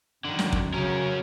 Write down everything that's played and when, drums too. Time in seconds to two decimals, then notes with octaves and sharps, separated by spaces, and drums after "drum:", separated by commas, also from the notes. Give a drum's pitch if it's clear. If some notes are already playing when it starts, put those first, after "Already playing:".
0.25 F#2 D3 D#3
0.39 drum: snare
0.53 drum: kick
0.74 C#3 F#3 C#4 A#4